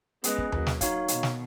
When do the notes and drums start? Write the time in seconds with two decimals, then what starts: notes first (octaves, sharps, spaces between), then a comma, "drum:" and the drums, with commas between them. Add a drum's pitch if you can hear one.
0.24 G#3 B3 C#4 G#4 B4 D#5, drum: hi-hat
0.38 drum: kick
0.52 F#3 A#3, drum: tom D#2
0.67 drum: snare
0.81 D#4 F#4 C#5 F5, drum: kick, hi-hat
1.08 B2 D#3, drum: hi-hat
1.23 drum: snare